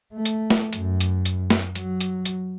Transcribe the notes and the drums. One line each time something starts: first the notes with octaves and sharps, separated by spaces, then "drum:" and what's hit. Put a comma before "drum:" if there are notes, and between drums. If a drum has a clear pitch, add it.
A3
drum: hi-hat
drum: snare
F#2, drum: hi-hat
drum: hi-hat
drum: hi-hat
drum: snare
F#3, drum: hi-hat
drum: hi-hat
drum: hi-hat